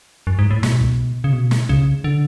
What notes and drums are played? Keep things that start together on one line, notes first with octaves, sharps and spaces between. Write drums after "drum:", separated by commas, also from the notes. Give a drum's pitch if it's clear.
F#2
G#2
A2
B2, drum: snare
drum: kick
C#3
B2
drum: snare
C#3, drum: kick
D3